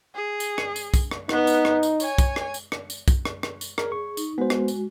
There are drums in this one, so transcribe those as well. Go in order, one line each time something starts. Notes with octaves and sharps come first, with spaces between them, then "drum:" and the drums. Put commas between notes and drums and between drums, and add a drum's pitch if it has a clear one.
G#4
drum: tambourine
drum: rim click
drum: tambourine
drum: kick, tambourine
drum: rim click
B3 D#4 B4, drum: rim click
drum: tambourine
drum: rim click
drum: tambourine
C#5 G#5, drum: tambourine
drum: kick, tambourine
drum: rim click
drum: tambourine
drum: rim click
drum: tambourine
drum: kick, tambourine
drum: rim click
drum: rim click
drum: tambourine
G#4 A#4, drum: rim click
C#6
D#4, drum: tambourine
G#3 B3 F#4 C5
drum: rim click
drum: tambourine